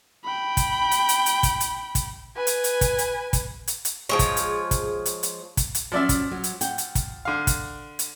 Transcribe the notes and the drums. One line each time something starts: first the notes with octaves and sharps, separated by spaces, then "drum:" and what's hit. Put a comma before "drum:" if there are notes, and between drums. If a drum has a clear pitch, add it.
G5 B5
drum: kick, hi-hat
drum: hi-hat
drum: hi-hat
drum: hi-hat
drum: kick, hi-hat
drum: hi-hat
drum: kick, hi-hat
B4 G#5
drum: hi-hat
drum: hi-hat
drum: kick, hi-hat
drum: hi-hat
drum: kick, hi-hat
drum: hi-hat
drum: hi-hat
F3 G#3 C#5
drum: kick, hi-hat
drum: hi-hat
drum: kick, hi-hat
drum: hi-hat
drum: hi-hat
drum: kick, hi-hat
drum: hi-hat
F3 F#3 C#4 D5 E5
drum: kick, hi-hat
F#3
drum: hi-hat
F#5 G5, drum: hi-hat
drum: hi-hat
drum: kick, hi-hat
D3 F5
drum: kick, hi-hat
drum: hi-hat